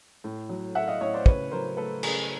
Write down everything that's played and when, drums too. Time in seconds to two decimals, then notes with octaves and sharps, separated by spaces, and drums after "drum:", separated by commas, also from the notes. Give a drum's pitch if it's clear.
0.24 A2
0.49 F#3
0.75 A3 E5 F#5
0.87 D#5 F5
1.00 A2 C#5 D#5
1.14 C5 D5
1.26 C#3 B4 C#5, drum: kick
1.51 F#3 A#4 C5
1.77 A3 A4 B4
2.03 C#3 G#4 A#4, drum: cymbal